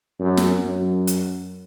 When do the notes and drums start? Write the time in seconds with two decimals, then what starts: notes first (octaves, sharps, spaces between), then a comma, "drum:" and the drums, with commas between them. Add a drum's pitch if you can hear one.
0.19 F#2
0.37 drum: snare
0.63 F#2
1.07 drum: hi-hat